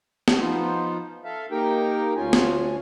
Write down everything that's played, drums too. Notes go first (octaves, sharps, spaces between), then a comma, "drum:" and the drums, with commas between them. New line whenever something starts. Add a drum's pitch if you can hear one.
drum: snare
F3 B3 D#4 F4 C5
A4 E5 F5
A#3 D#4 G4 A#4 G5
D2 C#4 F4 G#5
drum: snare